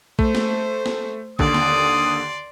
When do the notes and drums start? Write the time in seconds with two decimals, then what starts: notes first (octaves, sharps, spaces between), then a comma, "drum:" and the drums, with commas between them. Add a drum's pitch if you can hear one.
0.19 A3 C5, drum: kick A#1
0.35 drum: snare
0.86 drum: snare
1.39 D#2 D3 D5 C6 D#6, drum: kick A#1
1.54 drum: snare